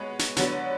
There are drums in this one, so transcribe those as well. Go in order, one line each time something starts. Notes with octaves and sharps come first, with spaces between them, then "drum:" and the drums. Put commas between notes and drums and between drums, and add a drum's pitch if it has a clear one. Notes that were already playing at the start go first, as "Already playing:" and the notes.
Already playing: G#3 B3 F#4 C#5
drum: snare
D3 F#3 B3 F#4, drum: snare